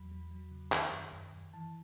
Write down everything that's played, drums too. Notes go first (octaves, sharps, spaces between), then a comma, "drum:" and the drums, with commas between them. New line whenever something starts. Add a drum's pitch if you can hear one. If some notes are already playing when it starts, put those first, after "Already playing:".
Already playing: E2 F#3 B5
F#3
F#3
C#3
D#3, drum: clap
F#2
F#2
F#2
E3 A5